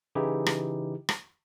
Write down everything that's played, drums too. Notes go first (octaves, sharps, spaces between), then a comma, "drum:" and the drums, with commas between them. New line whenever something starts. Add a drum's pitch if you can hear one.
C#3 E3 D#4 E4 G4 G#4
drum: rim click
drum: rim click